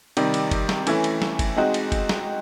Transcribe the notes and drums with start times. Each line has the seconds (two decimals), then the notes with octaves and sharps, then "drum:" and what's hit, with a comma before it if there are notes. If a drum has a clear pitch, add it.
0.17 C3 D#3 G3, drum: cymbal
0.34 drum: cymbal
0.51 drum: kick, cymbal
0.69 drum: snare
0.87 E3 A3 C#4 E4, drum: cymbal
1.04 drum: cymbal
1.22 drum: snare
1.39 drum: kick, cymbal
1.57 G#3 C4 D#4 F#4
1.74 drum: cymbal
1.92 drum: kick, cymbal
2.09 drum: snare